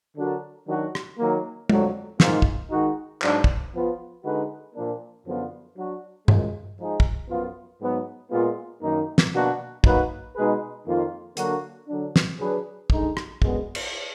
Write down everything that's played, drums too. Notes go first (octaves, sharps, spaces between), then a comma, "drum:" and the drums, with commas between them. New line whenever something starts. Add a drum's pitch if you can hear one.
D3 F#3 D4 F#4 A#4
D#3 F#3 D4 F#4
drum: rim click
D#3 F#3 A#3
F2 D3 F#3, drum: tom
G#2 D#3 A#3 F4, drum: snare
drum: kick
D#3 G#3 D#4 F#4
G#2 F#3 D4, drum: clap
drum: kick
F3 B3 F4
D3 G#3 D#4 F#4 B4
A#2 F3 A#3 D4
F#2 D3 F3 B3 F4
F#3 D4 F#4
F#2 F3 G#3, drum: tom G2
F3 G#3 D#4 G#4
drum: kick
F#2 F3 B3 F4
G#2 F#3 B3
A#2 G#3 B3 F4
F#2 D#3 A#3 D#4
drum: snare
B2 A#3 D4 F#4
F#3 A#3 D#4 F#4 B4, drum: kick
B2 G#3 D#4 G#4 B4
F2 D#3 A#3 F4
D3 F#3 A#3 D4 F#4, drum: hi-hat
D3 F#3 D4
drum: snare
F#3 D4 G#4 B4
D3 G#3 D#4, drum: kick
drum: rim click
F#2 D3 G#3 B3, drum: kick
drum: cymbal